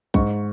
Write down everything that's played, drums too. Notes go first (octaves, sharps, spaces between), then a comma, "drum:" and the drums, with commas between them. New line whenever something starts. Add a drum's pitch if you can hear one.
G#2 C#6, drum: kick B1, hi-hat